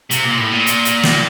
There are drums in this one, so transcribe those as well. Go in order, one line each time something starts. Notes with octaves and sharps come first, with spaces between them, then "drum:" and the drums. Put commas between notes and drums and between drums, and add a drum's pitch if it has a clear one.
C3, drum: hi-hat
A#2
A2
A#2
drum: hi-hat
drum: hi-hat
drum: snare